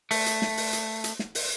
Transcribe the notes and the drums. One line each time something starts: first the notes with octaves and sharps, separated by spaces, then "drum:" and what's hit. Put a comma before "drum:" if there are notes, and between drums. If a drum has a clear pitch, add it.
A3, drum: open hi-hat
drum: hi-hat
drum: snare
drum: open hi-hat
drum: hi-hat
drum: hi-hat
drum: snare
drum: open hi-hat